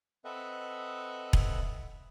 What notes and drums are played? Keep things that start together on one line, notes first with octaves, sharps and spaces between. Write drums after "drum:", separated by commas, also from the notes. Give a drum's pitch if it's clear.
C4 A4 B4 D#5 E5 F#5
drum: kick E1